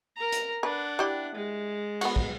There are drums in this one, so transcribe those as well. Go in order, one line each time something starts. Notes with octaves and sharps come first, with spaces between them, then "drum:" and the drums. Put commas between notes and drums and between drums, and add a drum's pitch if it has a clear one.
A#4 A#5
drum: hi-hat
D4 B4 F#5
G3 E4 G4
G#3
B3 F#4, drum: cymbal
drum: kick